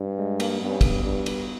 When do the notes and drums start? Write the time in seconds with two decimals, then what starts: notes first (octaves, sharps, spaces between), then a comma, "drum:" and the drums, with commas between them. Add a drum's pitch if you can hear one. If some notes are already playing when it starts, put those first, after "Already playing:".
Already playing: G2
0.19 G#3
0.40 A#3, drum: cymbal
0.62 G2 B3
0.71 C#4
0.81 B3, drum: kick, cymbal
1.05 G2
1.26 drum: cymbal